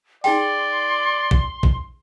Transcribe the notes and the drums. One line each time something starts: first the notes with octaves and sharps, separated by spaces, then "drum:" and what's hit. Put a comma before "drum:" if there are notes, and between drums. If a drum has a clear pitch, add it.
D#4 G#4 D5 G5 C6, drum: open hi-hat
drum: kick
drum: kick